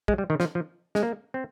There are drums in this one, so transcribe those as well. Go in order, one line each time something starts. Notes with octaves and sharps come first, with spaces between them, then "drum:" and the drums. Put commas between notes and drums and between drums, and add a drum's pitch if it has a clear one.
G#3, drum: kick
G3
D#3
F3, drum: snare
F3
G#3, drum: snare
A#3
C4